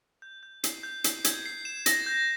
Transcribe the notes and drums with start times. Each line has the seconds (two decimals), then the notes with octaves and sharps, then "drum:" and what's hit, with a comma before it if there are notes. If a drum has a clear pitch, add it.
0.22 G6
0.43 G6
0.64 C7, drum: hi-hat
0.83 G6
1.04 C7, drum: hi-hat
1.24 G#6, drum: hi-hat
1.46 C7
1.65 E7
1.86 A#6, drum: hi-hat
2.06 G6